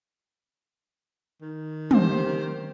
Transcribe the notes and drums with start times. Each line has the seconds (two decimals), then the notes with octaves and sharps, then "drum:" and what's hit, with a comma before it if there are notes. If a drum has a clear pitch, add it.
1.42 D#3
1.91 G4 C5, drum: tom